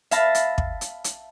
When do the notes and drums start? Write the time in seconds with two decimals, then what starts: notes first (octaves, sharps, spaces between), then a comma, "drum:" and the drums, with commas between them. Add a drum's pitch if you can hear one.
0.11 E5 F5 A5 B5 A6 A#6, drum: hi-hat
0.35 drum: hi-hat
0.58 drum: kick
0.81 drum: hi-hat
1.04 drum: hi-hat